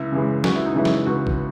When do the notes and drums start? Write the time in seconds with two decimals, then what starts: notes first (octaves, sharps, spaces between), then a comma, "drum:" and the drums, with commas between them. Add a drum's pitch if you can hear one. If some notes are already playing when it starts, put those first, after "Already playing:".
Already playing: C#2 E4
0.12 C#3 E3 G#3
0.44 C#2 F#4, drum: snare
0.55 E4
0.66 D#4
0.74 C#3 E3 G#3 E4
0.85 drum: snare
1.06 C#2 F#4
1.27 drum: kick